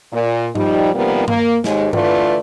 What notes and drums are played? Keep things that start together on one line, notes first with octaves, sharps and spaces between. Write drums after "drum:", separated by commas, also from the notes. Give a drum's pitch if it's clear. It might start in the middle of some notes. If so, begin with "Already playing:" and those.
A#2
F3 G3 D#4, drum: tom G2
C3 D#3 F3 G3 A#3 B3
A#3, drum: tom G2
D#2 G#2 G#3, drum: snare
D3 E3 A3 F4 B4 D5, drum: tom G2